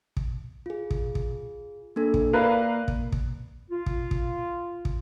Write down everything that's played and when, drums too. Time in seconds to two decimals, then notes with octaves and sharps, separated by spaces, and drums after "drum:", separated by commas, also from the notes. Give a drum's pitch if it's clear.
0.17 drum: kick
0.66 F4 G#4
0.91 drum: kick
1.15 drum: kick
1.96 A#3 D4 A4
2.14 drum: kick
2.33 A#3 A#4 B4 D5 F5
2.88 drum: kick
3.12 drum: kick
3.70 F4
3.86 drum: kick
4.11 drum: kick
4.85 drum: kick